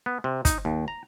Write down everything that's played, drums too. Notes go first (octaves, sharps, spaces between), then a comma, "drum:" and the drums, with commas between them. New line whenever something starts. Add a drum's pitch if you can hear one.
B3
C3
D#4, drum: kick, hi-hat
D#2
A#5